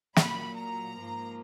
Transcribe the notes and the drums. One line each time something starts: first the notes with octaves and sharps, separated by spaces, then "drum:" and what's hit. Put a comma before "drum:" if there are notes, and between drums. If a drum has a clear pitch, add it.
A#2 F#3 A#3 B5, drum: snare
A#5
G#2 F3 A#3